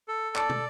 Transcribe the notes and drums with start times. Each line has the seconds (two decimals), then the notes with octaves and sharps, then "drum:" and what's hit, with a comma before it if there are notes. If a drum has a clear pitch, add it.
0.08 A4
0.35 D5 A5, drum: clap
0.50 drum: tom